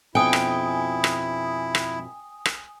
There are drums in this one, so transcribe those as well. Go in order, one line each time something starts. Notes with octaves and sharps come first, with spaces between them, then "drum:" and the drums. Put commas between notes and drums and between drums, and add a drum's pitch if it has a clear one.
F2 B2 D4 E4 G5 G#5 D#6
drum: rim click
drum: rim click
drum: rim click
drum: rim click